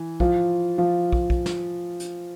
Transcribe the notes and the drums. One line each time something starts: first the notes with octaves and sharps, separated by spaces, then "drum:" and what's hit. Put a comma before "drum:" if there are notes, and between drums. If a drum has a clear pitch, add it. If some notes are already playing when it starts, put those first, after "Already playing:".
Already playing: E3
F3 F4, drum: kick
F3 F4
drum: kick
drum: kick
drum: snare
drum: hi-hat